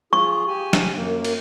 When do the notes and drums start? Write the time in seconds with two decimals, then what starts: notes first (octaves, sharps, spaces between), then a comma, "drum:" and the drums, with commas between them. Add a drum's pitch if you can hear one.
0.13 F4 G#4 C#6
0.47 G4 G#5
0.73 drum: snare
0.95 F#2 A#3
1.25 drum: cymbal